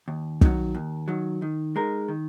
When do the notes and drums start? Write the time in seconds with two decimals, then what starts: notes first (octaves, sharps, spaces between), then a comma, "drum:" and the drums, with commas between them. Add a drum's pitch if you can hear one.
0.08 D#2
0.41 D#3 F#3, drum: kick
0.75 D#2
1.08 D#3 F#3
1.42 D#3
1.76 G#3 D#4 A#4
2.08 D#3